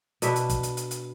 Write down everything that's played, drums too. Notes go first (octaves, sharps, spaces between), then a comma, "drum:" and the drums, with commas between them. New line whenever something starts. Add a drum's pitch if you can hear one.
B2 D4 B4 E5, drum: hi-hat
drum: hi-hat
drum: kick, hi-hat
drum: hi-hat
drum: hi-hat
drum: hi-hat